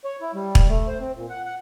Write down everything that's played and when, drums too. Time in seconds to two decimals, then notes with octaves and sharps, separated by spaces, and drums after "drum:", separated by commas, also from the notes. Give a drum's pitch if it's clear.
0.05 C#5
0.21 E4
0.34 G3
0.55 drum: kick
0.68 A3
0.88 C5
1.00 C4
1.16 A#2
1.30 F#5
1.46 F#5